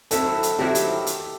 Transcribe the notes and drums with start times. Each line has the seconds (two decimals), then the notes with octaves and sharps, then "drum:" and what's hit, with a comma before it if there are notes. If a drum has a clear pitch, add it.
0.11 D#3 F#3 A3 C4 E4 A4, drum: hi-hat
0.43 drum: hi-hat
0.59 D#3 F#3 A3 C4 E4 G4
0.75 drum: hi-hat
1.07 drum: hi-hat